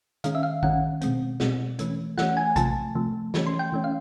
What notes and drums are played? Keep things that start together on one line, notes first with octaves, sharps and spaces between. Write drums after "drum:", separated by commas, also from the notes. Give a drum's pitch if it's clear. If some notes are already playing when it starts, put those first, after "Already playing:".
D#3 G#3 C#4 F5, drum: hi-hat
E5
F5
D#3 G#3 C#4 F#5, drum: kick
B2 G#3 C4, drum: hi-hat
B2 G#3 C4, drum: snare
E3 A3 C#4, drum: hi-hat
E3 A3 C#4 F#5, drum: snare
G#5
C3 F3 A3 A5, drum: kick, hi-hat
C3 F3 A3
E3 A3 C#4, drum: snare
C6
G5
E3 A3 C#4
F5